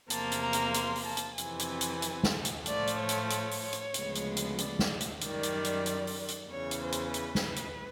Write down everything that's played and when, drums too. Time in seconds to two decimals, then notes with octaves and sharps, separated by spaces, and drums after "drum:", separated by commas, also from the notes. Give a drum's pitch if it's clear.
0.10 E2 C3 F3 A#3 A5, drum: hi-hat
0.32 drum: hi-hat
0.42 A#5
0.53 drum: hi-hat
0.74 C6, drum: hi-hat
0.96 drum: open hi-hat
1.06 A5
1.17 drum: hi-hat
1.38 F2 C3 E3 G#5, drum: hi-hat
1.59 drum: hi-hat
1.81 drum: hi-hat
2.02 drum: hi-hat
2.23 drum: snare
2.45 drum: hi-hat
2.66 A2 F3 A3 D5, drum: hi-hat
2.87 drum: hi-hat
2.98 C#5
3.09 drum: hi-hat
3.30 C#5, drum: hi-hat
3.51 drum: open hi-hat
3.73 drum: hi-hat
3.94 D2 C#3 F3 G#3 B3, drum: hi-hat
4.15 drum: hi-hat
4.37 drum: hi-hat
4.58 D5, drum: hi-hat
4.79 drum: snare
5.01 drum: hi-hat
5.21 F#2 D#3 G3 D5, drum: hi-hat
5.43 drum: hi-hat
5.65 drum: hi-hat
5.86 drum: hi-hat
6.07 drum: open hi-hat
6.28 drum: hi-hat
6.50 E2 C#3 E3 C#5
6.71 drum: hi-hat
6.81 C5
6.92 drum: hi-hat
7.14 B4, drum: hi-hat
7.35 drum: snare
7.56 drum: hi-hat